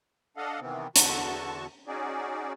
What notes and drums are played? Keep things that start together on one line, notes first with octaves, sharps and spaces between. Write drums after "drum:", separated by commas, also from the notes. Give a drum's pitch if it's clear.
D4 A4 D#5 F5 F#5
C3 D#3 E3 B3 C4
E2 D3 F#4 A5 C#6, drum: hi-hat
C#4 D#4 F#4 G#4 D5